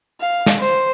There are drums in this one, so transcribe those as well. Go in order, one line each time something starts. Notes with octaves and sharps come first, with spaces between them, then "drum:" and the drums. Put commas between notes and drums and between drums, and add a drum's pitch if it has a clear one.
F5
drum: snare
C5